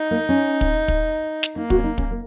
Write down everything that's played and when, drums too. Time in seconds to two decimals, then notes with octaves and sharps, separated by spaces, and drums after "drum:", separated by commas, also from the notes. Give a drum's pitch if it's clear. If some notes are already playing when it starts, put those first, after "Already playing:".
Already playing: D#4
0.11 A#3
0.29 C#4
0.61 drum: kick
0.88 drum: kick
1.43 drum: snare
1.56 A#3 D#4
1.70 F#4, drum: kick
1.78 C#4
1.84 D#4
1.98 C#4, drum: kick
2.11 A#3